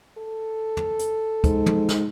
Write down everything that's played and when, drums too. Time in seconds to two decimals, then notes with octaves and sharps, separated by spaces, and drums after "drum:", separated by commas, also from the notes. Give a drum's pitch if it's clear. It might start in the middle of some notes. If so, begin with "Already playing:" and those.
0.18 A4
0.77 drum: tom
0.99 drum: hi-hat
1.44 G#2, drum: kick, hi-hat
1.66 drum: tom
1.89 drum: snare